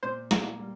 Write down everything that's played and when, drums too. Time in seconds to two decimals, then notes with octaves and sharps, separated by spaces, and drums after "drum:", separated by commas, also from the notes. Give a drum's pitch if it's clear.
0.03 A#2 C5
0.31 A#3, drum: snare
0.59 G3